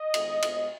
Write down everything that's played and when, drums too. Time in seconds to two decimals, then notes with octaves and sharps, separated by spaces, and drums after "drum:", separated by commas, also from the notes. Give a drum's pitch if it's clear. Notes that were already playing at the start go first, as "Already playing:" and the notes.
Already playing: D#5
0.14 D#3 G#3 B3, drum: cymbal
0.42 B2 G#3 B3, drum: cymbal